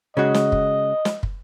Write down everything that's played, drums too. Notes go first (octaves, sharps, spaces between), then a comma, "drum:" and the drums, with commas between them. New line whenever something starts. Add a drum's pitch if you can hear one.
C#3 G#3 F#4 D#5
drum: snare
drum: kick
drum: snare
drum: kick